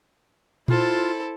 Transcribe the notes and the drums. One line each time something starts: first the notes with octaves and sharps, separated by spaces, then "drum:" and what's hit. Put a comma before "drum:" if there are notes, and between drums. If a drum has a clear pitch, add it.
E4 F4 A4 C5, drum: tom A#2